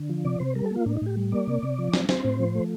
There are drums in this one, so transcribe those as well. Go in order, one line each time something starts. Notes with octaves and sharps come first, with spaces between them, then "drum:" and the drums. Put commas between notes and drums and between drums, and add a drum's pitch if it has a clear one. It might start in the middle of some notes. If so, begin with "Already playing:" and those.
Already playing: D3
F3
C3 D5
C3 C5
G3 A#4
A4
A#3 F4
A2 D4
D#4
A2 G4
G3
A#3 D5
C3
C3
F3
C4, drum: snare
C4 C5, drum: snare
A2
F3
A3